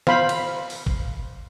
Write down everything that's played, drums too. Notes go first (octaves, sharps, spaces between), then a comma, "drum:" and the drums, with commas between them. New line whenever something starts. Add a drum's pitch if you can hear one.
C5 F5 B5, drum: snare
drum: cymbal
drum: open hi-hat
drum: kick